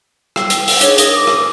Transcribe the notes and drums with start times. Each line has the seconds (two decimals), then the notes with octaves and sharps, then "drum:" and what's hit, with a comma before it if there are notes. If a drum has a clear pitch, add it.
0.36 G3 E6, drum: rim click
0.50 drum: hi-hat
0.68 F#5, drum: open hi-hat
0.81 D4 D#4 G#4 C#5, drum: hi-hat
0.98 A#4 D#6, drum: hi-hat
1.15 D6
1.27 drum: rim click